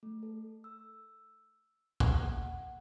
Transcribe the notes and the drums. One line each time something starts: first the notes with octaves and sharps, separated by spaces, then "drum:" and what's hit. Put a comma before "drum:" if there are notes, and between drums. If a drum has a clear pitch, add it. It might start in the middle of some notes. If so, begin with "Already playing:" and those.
A3
A4
E6
A#3, drum: kick
F#5